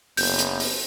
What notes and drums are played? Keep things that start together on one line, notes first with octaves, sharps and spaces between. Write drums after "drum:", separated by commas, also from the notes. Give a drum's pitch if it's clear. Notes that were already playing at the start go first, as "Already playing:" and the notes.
F#1 B3 G6, drum: open hi-hat
drum: hi-hat
drum: open hi-hat